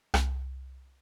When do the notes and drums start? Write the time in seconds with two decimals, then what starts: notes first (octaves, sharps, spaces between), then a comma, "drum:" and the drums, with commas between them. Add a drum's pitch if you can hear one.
0.14 C2, drum: rim click